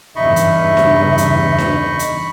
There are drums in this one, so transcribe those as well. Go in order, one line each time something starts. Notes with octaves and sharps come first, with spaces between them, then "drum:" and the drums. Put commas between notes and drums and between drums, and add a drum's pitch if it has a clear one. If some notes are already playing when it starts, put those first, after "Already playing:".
E2 G2 C#3 D#4 D#5 E5 B5 C#6
drum: hi-hat
drum: snare D4
drum: hi-hat
drum: snare D4
drum: hi-hat